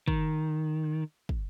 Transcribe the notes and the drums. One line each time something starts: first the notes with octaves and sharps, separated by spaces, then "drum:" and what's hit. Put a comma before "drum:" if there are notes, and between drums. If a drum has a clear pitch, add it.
D#3, drum: kick
drum: kick